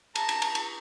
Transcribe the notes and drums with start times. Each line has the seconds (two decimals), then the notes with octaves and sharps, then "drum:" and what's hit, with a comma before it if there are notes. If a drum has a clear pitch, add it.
0.15 A5 A#5, drum: cymbal
0.29 drum: cymbal
0.42 drum: cymbal
0.55 drum: cymbal